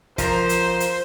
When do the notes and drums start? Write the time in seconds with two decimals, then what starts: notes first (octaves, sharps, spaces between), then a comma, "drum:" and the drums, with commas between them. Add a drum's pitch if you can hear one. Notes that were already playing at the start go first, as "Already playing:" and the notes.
0.18 F3 A#4 C5 A#5, drum: kick, hi-hat
0.49 drum: hi-hat
0.80 drum: hi-hat